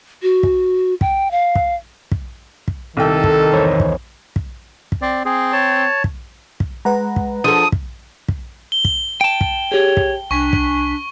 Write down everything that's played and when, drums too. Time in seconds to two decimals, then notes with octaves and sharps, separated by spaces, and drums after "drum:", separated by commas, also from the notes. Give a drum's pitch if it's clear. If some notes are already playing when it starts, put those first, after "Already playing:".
0.23 F#4
0.43 drum: kick
1.01 G5, drum: kick
1.31 F5
1.55 drum: kick
2.12 drum: kick
2.68 drum: kick
2.97 C2 D#3 A4 G5
3.24 drum: kick
3.53 E2 C5 C#5
3.80 drum: kick
4.36 drum: kick
4.92 drum: kick
5.02 C4 D5
5.25 C4 G#4
5.52 C#5 A5
6.04 drum: kick
6.60 drum: kick
6.85 G#3 B4 F#5 A#5
7.16 drum: kick
7.44 F3 D4 G#4 A4 C5 D#6
7.72 drum: kick
8.28 drum: kick
8.72 G7
8.85 drum: kick
9.21 G5 A5
9.41 drum: kick
9.72 G4 G#4 C#5
9.97 drum: kick
10.31 C2 D4 G#5 C#6 B6
10.53 drum: kick